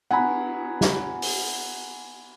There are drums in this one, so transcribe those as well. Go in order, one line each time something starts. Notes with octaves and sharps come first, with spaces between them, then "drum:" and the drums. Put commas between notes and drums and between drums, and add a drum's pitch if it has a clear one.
F#5 G#5 A#5 B5, drum: cymbal
drum: snare
drum: open hi-hat